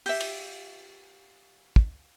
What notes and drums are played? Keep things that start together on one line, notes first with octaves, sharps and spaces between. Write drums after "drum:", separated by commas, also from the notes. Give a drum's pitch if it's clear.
G4 E5, drum: open hi-hat
drum: cymbal
drum: kick